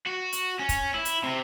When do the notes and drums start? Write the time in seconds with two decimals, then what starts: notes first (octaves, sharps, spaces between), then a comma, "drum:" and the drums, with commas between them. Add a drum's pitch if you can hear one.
0.07 F#4
0.33 drum: hi-hat
0.59 C#4
0.69 drum: kick, hi-hat
0.94 E4
1.05 drum: hi-hat
1.23 C3